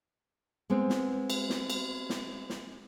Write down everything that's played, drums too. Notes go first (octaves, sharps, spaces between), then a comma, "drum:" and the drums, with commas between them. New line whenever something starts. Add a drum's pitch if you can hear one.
G#3 B3 C4
drum: snare
drum: cymbal
drum: snare
drum: cymbal
drum: snare
drum: snare